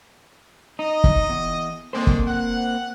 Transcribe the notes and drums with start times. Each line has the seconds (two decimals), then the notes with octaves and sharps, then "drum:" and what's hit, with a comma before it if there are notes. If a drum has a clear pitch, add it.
0.79 D#4 D#5
1.04 drum: kick
1.30 E2
1.93 D3 D#3 G#3 A#3 C4 C5
2.07 drum: kick
2.27 F#5